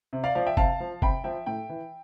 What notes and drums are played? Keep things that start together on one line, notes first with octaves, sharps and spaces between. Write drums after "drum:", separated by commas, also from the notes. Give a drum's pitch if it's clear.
C3
D5 F5
F3 D5 F5
E5 G5
C3 F5 A5, drum: kick F#1
F3
C3 G5 B5, drum: kick F#1
F3 E5 G5
A2 E5 G5
E3